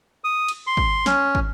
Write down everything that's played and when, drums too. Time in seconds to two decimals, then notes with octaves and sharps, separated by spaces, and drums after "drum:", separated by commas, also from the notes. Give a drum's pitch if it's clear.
0.24 D#6
0.48 drum: cymbal
0.67 C6
0.77 drum: kick
1.06 C#4, drum: snare
1.35 drum: kick